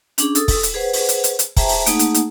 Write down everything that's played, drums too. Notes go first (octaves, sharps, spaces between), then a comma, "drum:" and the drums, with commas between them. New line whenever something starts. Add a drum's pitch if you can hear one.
C#4 D4 G#4, drum: hi-hat
A4 D#6 E6, drum: hi-hat
drum: kick, open hi-hat
drum: hi-hat
G#4 B4 C5 F#5
drum: open hi-hat
drum: hi-hat
drum: hi-hat
drum: hi-hat
G#4 C5 E5 G5 A5 A#5, drum: kick, open hi-hat
drum: open hi-hat
A3 A#3 D#4 G#4 F#5, drum: hi-hat
drum: hi-hat
drum: hi-hat